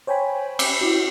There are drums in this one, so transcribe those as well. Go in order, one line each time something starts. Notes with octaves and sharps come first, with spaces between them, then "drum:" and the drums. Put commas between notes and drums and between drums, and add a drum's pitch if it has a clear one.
C5 C#5 G5 G#5 B5
B5 D6 E6 G6, drum: cymbal
E4 F#4